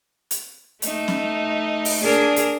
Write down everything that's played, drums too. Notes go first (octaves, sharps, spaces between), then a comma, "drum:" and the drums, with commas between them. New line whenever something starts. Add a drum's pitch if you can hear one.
drum: hi-hat
A3 D#4, drum: hi-hat
drum: snare C#4
drum: open hi-hat
D4 G#4 A#4
drum: hi-hat